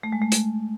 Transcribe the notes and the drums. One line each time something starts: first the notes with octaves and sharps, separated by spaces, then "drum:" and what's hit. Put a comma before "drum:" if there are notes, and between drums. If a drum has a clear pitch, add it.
A3
G#3
A3
drum: hi-hat